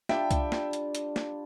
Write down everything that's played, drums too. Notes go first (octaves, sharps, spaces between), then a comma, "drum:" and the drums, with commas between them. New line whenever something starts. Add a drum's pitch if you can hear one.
G3 D4 F4 E5 G5, drum: snare
drum: kick C2, hi-hat
drum: snare
drum: hi-hat
drum: hi-hat
drum: snare